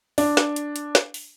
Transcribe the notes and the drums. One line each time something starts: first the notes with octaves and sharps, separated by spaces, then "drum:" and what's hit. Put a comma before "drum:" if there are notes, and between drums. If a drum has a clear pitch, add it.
D4, drum: open hi-hat
drum: snare
drum: hi-hat
drum: hi-hat
drum: snare
drum: open hi-hat